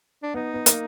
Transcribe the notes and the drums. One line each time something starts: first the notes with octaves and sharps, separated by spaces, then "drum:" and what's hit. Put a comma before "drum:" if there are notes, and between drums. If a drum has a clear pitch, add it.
D4
B3 D#4
B3
A#3, drum: hi-hat